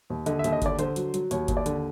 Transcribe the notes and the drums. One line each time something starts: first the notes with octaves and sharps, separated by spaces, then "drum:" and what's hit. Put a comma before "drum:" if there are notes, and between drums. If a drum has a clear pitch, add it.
D#2
D3 D#5, drum: hi-hat
E5
D#2, drum: hi-hat
D#5
D3 D5, drum: kick G1, hi-hat
D3 C5, drum: hi-hat
F#3, drum: hi-hat
F#3, drum: hi-hat
D#2 C#5, drum: hi-hat
D#2, drum: kick G1, hi-hat
D5
D3, drum: hi-hat